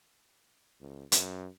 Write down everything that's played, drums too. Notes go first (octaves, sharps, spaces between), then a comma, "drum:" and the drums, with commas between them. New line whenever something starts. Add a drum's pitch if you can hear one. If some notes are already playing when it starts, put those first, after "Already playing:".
C#2
F#2, drum: hi-hat